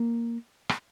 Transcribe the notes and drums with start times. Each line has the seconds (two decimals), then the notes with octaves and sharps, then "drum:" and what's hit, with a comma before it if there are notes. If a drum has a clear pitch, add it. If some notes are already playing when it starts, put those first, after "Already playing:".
Already playing: A#3
0.69 drum: rim click